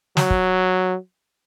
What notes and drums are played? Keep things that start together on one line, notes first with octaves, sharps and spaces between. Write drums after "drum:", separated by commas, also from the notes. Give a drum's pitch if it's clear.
F#3, drum: snare
drum: kick